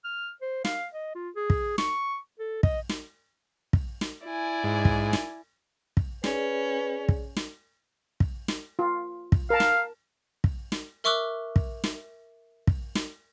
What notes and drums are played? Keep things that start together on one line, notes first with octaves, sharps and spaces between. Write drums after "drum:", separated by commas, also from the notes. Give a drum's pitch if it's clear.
F6
C5
F5, drum: snare
D#5
F4
G#4
drum: kick
C#6, drum: snare
A4
D#5, drum: kick
drum: snare
drum: kick
drum: snare
E4 D5 G#5
G#2
drum: kick
drum: snare
drum: kick
C#4 G#4 B4 D5, drum: snare
drum: kick
drum: snare
drum: kick
drum: snare
F4
drum: kick
A#4 F5 A5
drum: snare
drum: kick
drum: snare
A#4 E5 C#6 D6 E6 F#6
drum: kick
drum: snare
drum: kick
drum: snare